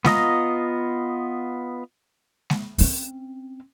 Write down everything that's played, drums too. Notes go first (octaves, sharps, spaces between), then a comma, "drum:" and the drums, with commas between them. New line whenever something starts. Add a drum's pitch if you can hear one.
B3 F4 D#5 A#5, drum: snare G#3
drum: snare G#3
C4 C#4, drum: open hi-hat